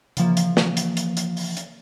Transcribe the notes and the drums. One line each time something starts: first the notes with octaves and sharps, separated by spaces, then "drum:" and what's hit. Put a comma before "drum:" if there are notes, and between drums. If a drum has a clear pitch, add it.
C#3 E3 F3 A#3, drum: hi-hat
drum: hi-hat
drum: snare
drum: hi-hat
drum: hi-hat
drum: hi-hat
drum: open hi-hat
drum: hi-hat